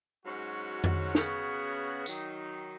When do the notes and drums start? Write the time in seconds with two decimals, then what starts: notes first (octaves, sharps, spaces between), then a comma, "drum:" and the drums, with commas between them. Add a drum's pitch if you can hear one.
0.24 G#2 F#3 C#4 F#4
0.84 drum: tom F2
1.15 C#3 B3 F#4, drum: snare
2.06 D#3 F#3 D#4, drum: tambourine